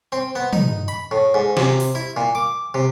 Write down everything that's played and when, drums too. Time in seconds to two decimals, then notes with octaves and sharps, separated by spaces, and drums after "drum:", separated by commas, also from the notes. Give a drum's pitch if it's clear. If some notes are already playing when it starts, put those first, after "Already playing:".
0.12 C4
0.35 B3
0.53 D#4, drum: tom
0.88 B5
1.11 A2
1.34 G#2
1.57 C3, drum: snare
1.80 drum: open hi-hat
1.95 E4
2.16 A#2
2.35 D6
2.74 C3